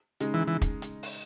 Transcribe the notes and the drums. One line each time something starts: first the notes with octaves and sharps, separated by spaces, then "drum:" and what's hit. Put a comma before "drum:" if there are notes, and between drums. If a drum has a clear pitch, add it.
C#3 G#3 D#4, drum: hi-hat
E3
E3
drum: kick, hi-hat
drum: hi-hat
drum: open hi-hat